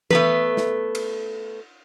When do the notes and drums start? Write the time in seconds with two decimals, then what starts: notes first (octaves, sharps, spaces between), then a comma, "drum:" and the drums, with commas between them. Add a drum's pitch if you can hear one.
0.11 A3 B3 B4, drum: tom E3
0.57 drum: snare
0.95 drum: cymbal